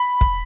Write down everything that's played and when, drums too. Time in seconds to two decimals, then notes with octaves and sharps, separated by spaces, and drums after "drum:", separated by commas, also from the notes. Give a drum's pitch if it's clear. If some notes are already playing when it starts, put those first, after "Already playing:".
Already playing: B5
0.21 drum: kick